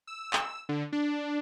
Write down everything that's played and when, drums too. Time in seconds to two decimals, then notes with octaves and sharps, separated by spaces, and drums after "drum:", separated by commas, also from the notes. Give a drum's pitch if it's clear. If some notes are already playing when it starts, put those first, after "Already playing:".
0.07 E6
0.33 drum: clap
0.69 D3
0.93 D4